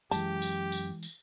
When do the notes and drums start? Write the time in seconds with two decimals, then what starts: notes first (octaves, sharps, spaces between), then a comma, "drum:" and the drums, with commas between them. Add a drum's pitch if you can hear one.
0.11 F#2 E3 G#3 G4 A5, drum: tambourine
0.42 drum: tambourine
0.72 drum: tambourine
1.03 drum: tambourine